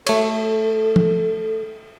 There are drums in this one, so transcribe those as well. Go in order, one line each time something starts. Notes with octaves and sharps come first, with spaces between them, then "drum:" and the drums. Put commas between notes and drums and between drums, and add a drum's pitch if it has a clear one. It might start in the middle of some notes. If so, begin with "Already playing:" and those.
A3 A4 C#5, drum: cymbal
drum: tom